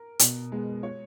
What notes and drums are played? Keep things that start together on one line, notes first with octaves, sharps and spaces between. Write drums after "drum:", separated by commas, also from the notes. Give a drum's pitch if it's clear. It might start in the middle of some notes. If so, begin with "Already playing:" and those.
Already playing: A#4
B2, drum: hi-hat
G#3 B3
C#5